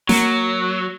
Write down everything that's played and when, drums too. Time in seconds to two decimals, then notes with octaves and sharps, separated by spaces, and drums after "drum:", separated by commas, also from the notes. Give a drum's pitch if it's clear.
0.09 F#3 A#3, drum: snare